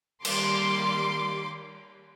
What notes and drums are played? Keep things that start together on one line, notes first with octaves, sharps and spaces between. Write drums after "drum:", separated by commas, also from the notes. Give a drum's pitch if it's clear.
D#3 G3 A#3 C6 D6, drum: cymbal